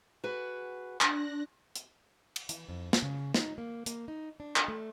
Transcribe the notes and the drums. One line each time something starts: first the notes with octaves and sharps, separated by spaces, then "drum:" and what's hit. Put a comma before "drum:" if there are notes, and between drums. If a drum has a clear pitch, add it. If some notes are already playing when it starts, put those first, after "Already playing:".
F#4 G#4 B4
D4 F#6 A#6, drum: clap
drum: hi-hat
drum: cymbal
E3, drum: hi-hat
F2
drum: snare
C#3
D#4, drum: snare
A#3
A#3, drum: hi-hat
D#4
D4
drum: clap
A3